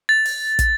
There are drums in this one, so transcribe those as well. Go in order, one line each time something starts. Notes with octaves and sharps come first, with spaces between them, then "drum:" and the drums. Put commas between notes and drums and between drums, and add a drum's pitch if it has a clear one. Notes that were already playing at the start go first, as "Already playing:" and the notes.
A6
drum: open hi-hat
drum: kick, hi-hat